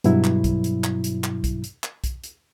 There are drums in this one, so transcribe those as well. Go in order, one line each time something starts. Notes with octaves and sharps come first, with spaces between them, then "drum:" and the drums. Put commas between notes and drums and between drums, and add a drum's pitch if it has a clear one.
G2 B2 F#3 E4, drum: hi-hat
drum: clap
drum: kick, hi-hat
drum: hi-hat
drum: clap
drum: hi-hat
drum: clap
drum: kick, hi-hat
drum: hi-hat
drum: clap
drum: kick, hi-hat
drum: hi-hat